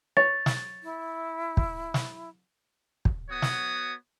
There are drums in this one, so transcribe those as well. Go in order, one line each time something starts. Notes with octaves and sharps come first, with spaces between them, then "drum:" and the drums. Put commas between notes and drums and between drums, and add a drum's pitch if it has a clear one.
C#5 A6
drum: snare
E4
drum: kick
drum: snare
drum: kick
B3 F#4 C#5 D#6
drum: snare